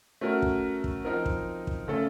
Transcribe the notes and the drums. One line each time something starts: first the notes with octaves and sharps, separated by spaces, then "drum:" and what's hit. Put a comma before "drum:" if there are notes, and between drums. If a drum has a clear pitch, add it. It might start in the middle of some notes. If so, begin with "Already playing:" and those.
A3 C#4 F#4 A#4
drum: kick
drum: kick
F3 C4 D#4 A#4
drum: kick
drum: kick
C#3 A3 C#4 A4